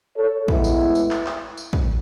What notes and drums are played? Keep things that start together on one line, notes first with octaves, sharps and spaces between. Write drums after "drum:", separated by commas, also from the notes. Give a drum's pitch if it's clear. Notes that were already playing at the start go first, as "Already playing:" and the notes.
A4 C#5
A2 G#3 B3 E4, drum: kick
drum: tambourine
drum: tambourine
drum: clap
drum: clap
drum: tambourine
drum: kick